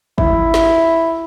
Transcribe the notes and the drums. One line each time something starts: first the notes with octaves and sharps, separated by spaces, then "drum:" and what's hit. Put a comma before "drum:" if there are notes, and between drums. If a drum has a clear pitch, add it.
E4, drum: kick G1
drum: snare